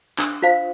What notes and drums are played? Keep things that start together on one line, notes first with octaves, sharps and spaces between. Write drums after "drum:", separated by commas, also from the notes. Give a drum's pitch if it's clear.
D4, drum: clap
F4 C5 F5